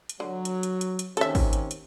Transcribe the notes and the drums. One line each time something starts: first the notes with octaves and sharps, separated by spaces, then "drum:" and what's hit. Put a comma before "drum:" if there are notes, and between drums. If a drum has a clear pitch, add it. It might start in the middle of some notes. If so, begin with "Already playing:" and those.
drum: hi-hat
D3 F#3
drum: hi-hat
drum: hi-hat
drum: hi-hat
drum: hi-hat
D#2 C3 C#4 A4 E5, drum: hi-hat
drum: kick G#1, open hi-hat
drum: hi-hat
drum: hi-hat